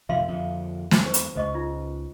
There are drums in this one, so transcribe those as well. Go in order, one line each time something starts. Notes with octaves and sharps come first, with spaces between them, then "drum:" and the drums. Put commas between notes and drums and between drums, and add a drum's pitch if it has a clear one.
F2 C3 D#3 E5 F5 C6
F2 D3
E2 E3 G#3, drum: snare
D#4 C5 C#6
drum: hi-hat
C#2 C5 D#5 C#6
D#4 F4